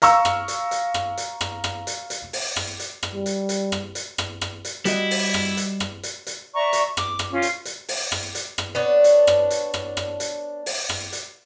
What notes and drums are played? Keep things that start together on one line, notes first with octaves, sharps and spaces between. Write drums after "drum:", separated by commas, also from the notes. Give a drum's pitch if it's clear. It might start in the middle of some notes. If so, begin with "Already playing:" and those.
F5 A#5 C#6 E6, drum: hi-hat
drum: rim click
drum: hi-hat
drum: hi-hat
drum: rim click
drum: hi-hat
drum: rim click
drum: rim click
drum: hi-hat
drum: hi-hat
drum: open hi-hat
drum: rim click
drum: hi-hat
drum: rim click
G3
drum: hi-hat
drum: hi-hat
drum: rim click
drum: hi-hat
drum: rim click
drum: rim click
drum: hi-hat
G3 E4 F#4 D#5, drum: hi-hat
drum: open hi-hat
drum: rim click
drum: hi-hat
drum: rim click
drum: hi-hat
drum: hi-hat
D5 E5 A#5 C#6
drum: hi-hat
D6, drum: rim click
drum: rim click
C#4 F4
drum: hi-hat
drum: hi-hat
drum: open hi-hat
drum: rim click
drum: hi-hat
drum: rim click
B3 D4 C#5
drum: hi-hat
drum: rim click
drum: hi-hat
drum: rim click
drum: rim click
drum: hi-hat
drum: open hi-hat
drum: rim click
drum: hi-hat